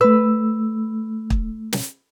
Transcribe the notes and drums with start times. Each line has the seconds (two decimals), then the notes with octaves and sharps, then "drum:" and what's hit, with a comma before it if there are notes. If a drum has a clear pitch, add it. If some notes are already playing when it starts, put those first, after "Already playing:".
0.01 A3 B4 E6
1.30 drum: kick
1.73 drum: snare